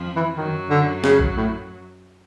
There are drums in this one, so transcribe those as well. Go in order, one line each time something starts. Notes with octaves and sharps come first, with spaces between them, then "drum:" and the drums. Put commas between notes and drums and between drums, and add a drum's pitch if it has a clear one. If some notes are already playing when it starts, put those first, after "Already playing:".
Already playing: F2 F3
E3
F#2 D#3 F#3
D3
C#3, drum: snare
drum: kick A#1
A2